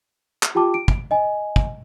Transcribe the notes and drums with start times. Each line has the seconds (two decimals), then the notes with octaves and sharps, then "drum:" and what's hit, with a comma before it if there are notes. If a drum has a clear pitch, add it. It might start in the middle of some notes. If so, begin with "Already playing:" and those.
0.43 drum: clap
0.55 F4 G4 G5 A5 D6
0.74 D7
0.88 drum: kick
1.11 D#5 G#5
1.56 drum: kick